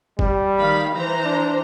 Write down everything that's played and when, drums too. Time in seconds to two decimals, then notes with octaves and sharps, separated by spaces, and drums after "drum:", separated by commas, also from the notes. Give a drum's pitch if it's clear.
0.19 G3, drum: kick F#1
0.58 D#3 F5 B5
0.94 E3 C5 A#5
1.24 D4